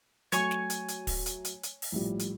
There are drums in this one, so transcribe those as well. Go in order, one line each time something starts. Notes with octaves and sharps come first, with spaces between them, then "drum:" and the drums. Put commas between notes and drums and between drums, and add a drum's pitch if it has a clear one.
F#3 A3 C#5 G#5 C#6, drum: hi-hat
drum: snare
drum: hi-hat
drum: hi-hat
drum: kick, open hi-hat
drum: hi-hat
drum: hi-hat
drum: hi-hat
drum: open hi-hat
A#1 A2 G3
drum: hi-hat